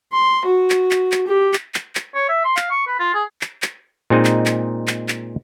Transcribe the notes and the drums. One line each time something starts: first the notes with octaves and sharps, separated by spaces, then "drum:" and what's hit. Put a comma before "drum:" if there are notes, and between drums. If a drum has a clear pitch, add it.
C6
F#4
drum: clap
drum: clap
drum: clap
G4
drum: clap
drum: clap
drum: clap
C#5
E5
C6
F5, drum: clap
C#6
B4
F4
G#4
drum: clap
drum: clap
A#2 G#3 C4 D#4
drum: clap
drum: clap
drum: clap
drum: clap